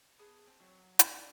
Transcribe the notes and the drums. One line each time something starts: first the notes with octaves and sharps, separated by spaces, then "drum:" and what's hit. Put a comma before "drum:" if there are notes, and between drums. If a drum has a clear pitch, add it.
B3 G#4 A5
C4 A5
F#3
D#4 A#4 D5, drum: hi-hat